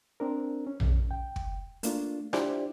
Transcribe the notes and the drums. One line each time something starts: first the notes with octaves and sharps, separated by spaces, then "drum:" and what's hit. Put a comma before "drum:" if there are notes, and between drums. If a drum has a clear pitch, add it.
C4 D4 A#4
C#4
drum: tom A#1
G5
drum: kick
A3 A#3 D4 F4, drum: hi-hat
D4 E4 F4 G4 C5 D5, drum: rim click